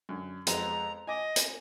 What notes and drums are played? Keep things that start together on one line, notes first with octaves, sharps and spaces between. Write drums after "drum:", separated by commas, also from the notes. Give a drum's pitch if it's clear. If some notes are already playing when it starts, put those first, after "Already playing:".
F#2 D3
F2 G#3 B3 A#5, drum: hi-hat
D#5 G#5 D6
drum: hi-hat